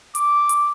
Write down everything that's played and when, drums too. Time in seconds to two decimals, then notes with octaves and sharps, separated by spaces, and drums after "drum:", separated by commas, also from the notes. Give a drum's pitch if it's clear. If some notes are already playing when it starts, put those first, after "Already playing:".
0.15 D6, drum: hi-hat
0.49 drum: hi-hat